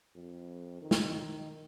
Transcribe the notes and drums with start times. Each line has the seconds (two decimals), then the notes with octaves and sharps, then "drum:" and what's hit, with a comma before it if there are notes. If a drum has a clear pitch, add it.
0.16 F2
0.82 D#3
0.91 drum: snare